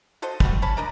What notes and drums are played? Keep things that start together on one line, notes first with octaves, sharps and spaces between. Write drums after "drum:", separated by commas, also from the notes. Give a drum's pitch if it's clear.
F#4 A4 C5 D#5
G3 F#4, drum: kick
C#4 C#5 A5 B5
D4 A#4 D#5